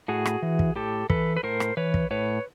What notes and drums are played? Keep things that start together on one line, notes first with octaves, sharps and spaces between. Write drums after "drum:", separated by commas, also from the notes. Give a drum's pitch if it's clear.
A2 F#4 G#4
drum: rim click
E3
drum: kick
A2 G4 A4
E3 A4 B4, drum: kick
B4
A2 A#4 C5
drum: rim click
E3 B4 C#5
drum: kick
A2 B4 C#5